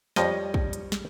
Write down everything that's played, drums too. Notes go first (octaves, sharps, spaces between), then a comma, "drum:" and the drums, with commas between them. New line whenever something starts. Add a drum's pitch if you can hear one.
F2 F3 G3 C#5 D#5 A#6, drum: snare
drum: kick
drum: hi-hat
drum: snare